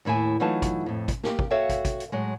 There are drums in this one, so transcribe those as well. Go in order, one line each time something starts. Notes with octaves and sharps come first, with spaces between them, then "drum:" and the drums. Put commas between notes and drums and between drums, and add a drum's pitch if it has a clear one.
D#2 A2 E4 G#4 G#5
E3 F#3 A3 D#4 F4 A5
drum: kick, hi-hat
F2 A2
drum: kick, hi-hat
A#3 G4, drum: snare
drum: kick
F#4 A4 C#5 E5 F5 G5
drum: kick, hi-hat
drum: kick, hi-hat
drum: hi-hat
A2 F#3 G#3